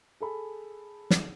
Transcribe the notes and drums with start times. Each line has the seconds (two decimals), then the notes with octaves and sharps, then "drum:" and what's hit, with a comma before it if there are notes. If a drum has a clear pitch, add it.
0.20 G#4 A4 B5
1.10 drum: snare